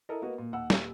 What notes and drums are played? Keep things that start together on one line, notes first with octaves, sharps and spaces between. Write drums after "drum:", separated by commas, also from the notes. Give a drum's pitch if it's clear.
E4 A4 A#4 D#5
A#3 B3 F#4 D#5
A#2
D#2 F#5 E6
D#1, drum: snare